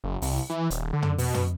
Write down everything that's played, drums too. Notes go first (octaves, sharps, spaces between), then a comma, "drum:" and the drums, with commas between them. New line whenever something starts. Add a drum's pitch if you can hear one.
F#1
C2, drum: open hi-hat
E3
D#1, drum: hi-hat
D3
drum: tom
B2, drum: open hi-hat
drum: tom